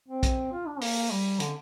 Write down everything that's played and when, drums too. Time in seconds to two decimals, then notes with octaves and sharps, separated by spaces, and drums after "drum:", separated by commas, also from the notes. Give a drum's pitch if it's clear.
0.08 C4
0.23 drum: kick, hi-hat
0.52 F4
0.67 D4
0.81 A#3, drum: open hi-hat
1.11 G3
1.40 D3, drum: hi-hat